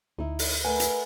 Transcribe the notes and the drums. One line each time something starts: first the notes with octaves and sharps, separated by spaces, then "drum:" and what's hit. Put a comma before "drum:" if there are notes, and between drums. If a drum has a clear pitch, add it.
D2 D#4 E4
drum: open hi-hat
A3 A#4 B4 F#5 G#5
drum: hi-hat